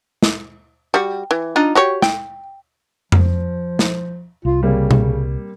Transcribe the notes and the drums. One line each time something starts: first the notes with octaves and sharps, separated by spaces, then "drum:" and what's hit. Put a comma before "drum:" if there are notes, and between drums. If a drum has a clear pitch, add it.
drum: snare
G3 F#4
E3
D4 D#4 F4
F#4 G4 C#5
G5, drum: snare
F3, drum: tom F2
drum: snare
C2 F4
C#3 G3 A#3 C4
drum: tom B2